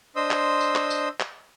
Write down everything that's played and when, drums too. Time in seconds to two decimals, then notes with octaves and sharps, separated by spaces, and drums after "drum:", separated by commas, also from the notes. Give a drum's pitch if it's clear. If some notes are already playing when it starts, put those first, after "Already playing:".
0.16 D4 C5 D#5 C6 D#6 E6
0.31 drum: clap
0.61 drum: tambourine
0.75 drum: clap
0.90 drum: tambourine
1.20 drum: clap